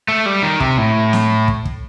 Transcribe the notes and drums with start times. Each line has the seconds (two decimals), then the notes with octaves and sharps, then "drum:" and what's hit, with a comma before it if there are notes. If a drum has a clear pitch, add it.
0.08 A3
0.26 G3
0.42 D#3
0.60 C3, drum: kick
0.78 A2
1.13 drum: snare
1.48 drum: kick
1.65 drum: kick